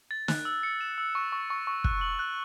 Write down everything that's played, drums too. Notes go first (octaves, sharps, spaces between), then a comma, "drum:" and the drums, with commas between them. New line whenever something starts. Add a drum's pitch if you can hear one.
A6
F#6, drum: snare
E6
C#7
E7
E6
C#6
C#6
C#6
C#6
F#6, drum: kick
F#7
F#6